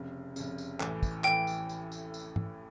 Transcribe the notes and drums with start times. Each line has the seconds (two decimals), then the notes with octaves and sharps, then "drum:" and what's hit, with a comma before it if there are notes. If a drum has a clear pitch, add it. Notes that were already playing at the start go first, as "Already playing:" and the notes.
Already playing: F1 F2 C#3
0.36 F1 F2 C#3, drum: tambourine
0.58 drum: tambourine
0.80 A1 A2 E3, drum: clap
1.03 drum: kick, tambourine
1.24 A2 E3 G5, drum: clap
1.47 drum: tambourine
1.69 drum: tambourine
1.92 drum: tambourine
2.14 drum: tambourine
2.36 drum: tom G#2